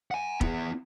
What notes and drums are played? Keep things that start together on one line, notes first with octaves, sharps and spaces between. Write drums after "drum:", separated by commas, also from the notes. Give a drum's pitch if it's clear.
F#5 G#5
B3 E4, drum: kick